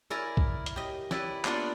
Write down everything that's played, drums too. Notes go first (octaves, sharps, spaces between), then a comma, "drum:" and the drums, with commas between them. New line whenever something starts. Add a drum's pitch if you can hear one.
E4 A#4 D5 G#5 A#5
drum: kick B1
drum: hi-hat
G4 D#5
E4 B4 D5, drum: snare
A#3 B3 D4 F4 D5 F#5, drum: clap